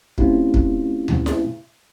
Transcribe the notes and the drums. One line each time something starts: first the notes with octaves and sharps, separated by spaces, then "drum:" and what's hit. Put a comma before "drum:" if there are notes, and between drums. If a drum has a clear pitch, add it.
A3 C4 C#4 E4 F4 G4, drum: kick
drum: kick
drum: tom D2
drum: snare E4